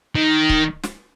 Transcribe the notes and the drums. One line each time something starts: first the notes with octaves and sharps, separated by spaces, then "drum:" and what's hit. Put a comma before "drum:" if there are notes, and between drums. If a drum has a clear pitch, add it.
D#3
drum: kick C#1
drum: snare